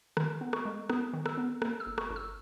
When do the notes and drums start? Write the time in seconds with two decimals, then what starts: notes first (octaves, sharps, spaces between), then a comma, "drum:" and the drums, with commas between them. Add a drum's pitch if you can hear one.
0.17 D#3 A#5, drum: rim click
0.41 B3
0.53 C#6, drum: rim click
0.65 G#3
0.90 B3 D#6, drum: rim click
1.13 D#3
1.26 E6, drum: rim click
1.37 B3
1.62 A#3, drum: rim click
1.80 E6
1.86 G1
1.98 C#6, drum: rim click
2.10 G1
2.16 E6